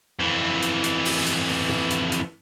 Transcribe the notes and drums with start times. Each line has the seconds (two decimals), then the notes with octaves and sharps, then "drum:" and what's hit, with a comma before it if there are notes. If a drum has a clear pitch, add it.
0.20 F2 E3
0.62 drum: hi-hat
0.84 drum: hi-hat
1.05 drum: open hi-hat
1.26 drum: hi-hat
1.69 drum: tom
1.90 drum: hi-hat
2.12 drum: hi-hat